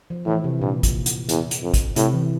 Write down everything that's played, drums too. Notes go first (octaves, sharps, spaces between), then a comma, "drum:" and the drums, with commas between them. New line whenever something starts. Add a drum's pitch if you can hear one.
F3
A2 E3
C3
G2 A#2
drum: kick, hi-hat
drum: hi-hat
E2, drum: hi-hat
drum: hi-hat
F2
drum: kick, hi-hat
A2 C3, drum: hi-hat
E3